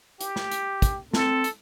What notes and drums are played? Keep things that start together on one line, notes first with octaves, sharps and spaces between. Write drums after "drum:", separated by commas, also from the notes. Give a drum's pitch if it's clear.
G4, drum: hi-hat
drum: snare
drum: hi-hat
drum: kick, hi-hat
C4 A4, drum: snare
drum: hi-hat